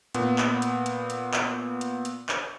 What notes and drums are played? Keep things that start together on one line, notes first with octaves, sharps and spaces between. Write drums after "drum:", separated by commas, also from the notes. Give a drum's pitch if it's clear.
A#2 B3, drum: hi-hat
drum: clap
drum: hi-hat
drum: hi-hat
drum: hi-hat
drum: clap
drum: hi-hat
drum: hi-hat
drum: clap